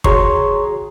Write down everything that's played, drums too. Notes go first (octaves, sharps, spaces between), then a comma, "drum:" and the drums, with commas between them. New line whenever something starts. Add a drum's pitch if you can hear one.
F#4 G#4 C#5 A#5 C6 C#6, drum: kick